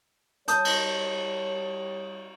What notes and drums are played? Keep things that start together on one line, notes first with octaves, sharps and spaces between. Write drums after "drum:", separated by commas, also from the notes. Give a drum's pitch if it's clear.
G3 C#5 A5 D#6 G6, drum: hi-hat
drum: cymbal